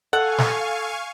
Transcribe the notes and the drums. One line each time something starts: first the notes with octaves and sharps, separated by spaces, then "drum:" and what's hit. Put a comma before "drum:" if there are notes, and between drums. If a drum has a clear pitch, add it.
A4 F5 F#5 G#5 C#6
drum: snare